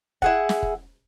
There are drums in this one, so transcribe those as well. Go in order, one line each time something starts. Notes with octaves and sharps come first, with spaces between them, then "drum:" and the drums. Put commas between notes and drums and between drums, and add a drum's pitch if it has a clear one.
E4 G#4 F#5, drum: kick
drum: snare
drum: kick